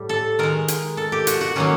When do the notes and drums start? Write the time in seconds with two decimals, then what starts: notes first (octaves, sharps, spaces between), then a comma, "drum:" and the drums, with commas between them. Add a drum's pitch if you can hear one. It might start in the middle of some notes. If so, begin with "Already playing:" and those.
Already playing: A2 G3
0.09 A4
0.39 D#3 G#3 A#4
0.68 drum: hi-hat
0.97 A4
1.12 G4
1.27 F#4, drum: hi-hat
1.41 F#4
1.56 D#3 F#3 A#3 C#4